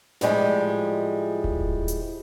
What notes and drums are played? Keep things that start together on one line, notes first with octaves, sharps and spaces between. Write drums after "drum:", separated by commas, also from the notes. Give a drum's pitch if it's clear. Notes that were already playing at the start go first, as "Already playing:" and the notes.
A2 F3 G3 G#3, drum: snare
drum: kick D#1
drum: hi-hat